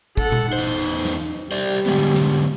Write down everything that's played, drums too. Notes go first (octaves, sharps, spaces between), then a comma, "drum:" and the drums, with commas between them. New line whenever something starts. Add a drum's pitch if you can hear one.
A4 F#5, drum: kick
drum: tom A#2
E2 D#4 C5
drum: snare
drum: hi-hat
G3 C5 D5
D3 G#3 B3
drum: snare